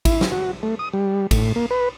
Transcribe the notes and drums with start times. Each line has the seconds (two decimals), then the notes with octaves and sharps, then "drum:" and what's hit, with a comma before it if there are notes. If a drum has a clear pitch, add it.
0.05 E4, drum: kick A1, cymbal
0.21 drum: snare
0.32 F#4
0.63 A3
0.79 D#6
0.93 G3
1.31 A2, drum: kick A1, cymbal
1.56 A#3
1.71 B4